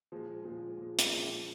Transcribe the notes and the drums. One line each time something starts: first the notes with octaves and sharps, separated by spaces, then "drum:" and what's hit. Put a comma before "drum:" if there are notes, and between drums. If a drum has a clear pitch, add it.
A#2 F3 G#3
A#2 F3 G#3
A#2 F3 G#3
drum: hi-hat
A#2 F3 G#3